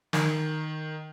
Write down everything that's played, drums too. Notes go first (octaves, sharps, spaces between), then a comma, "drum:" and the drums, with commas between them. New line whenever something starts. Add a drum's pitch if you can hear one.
D#3, drum: snare